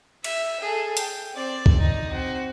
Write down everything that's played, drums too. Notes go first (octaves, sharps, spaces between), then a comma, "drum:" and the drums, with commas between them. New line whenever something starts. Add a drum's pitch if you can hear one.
E5, drum: cymbal
G#4 A4
G5, drum: hi-hat
C4 D5
drum: kick C2
D#4
C4 F#4